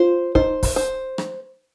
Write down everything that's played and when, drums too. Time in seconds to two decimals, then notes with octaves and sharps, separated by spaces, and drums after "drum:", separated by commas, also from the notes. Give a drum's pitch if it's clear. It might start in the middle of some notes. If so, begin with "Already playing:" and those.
Already playing: F4 C5
0.35 D#4 C5, drum: kick
0.63 drum: kick, open hi-hat
0.76 C5
1.18 drum: rim click